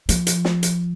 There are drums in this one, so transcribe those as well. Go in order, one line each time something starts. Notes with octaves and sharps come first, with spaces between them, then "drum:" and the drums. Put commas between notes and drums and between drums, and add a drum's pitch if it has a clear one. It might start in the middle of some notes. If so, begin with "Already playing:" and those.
F3, drum: hi-hat
drum: hi-hat
drum: snare
drum: hi-hat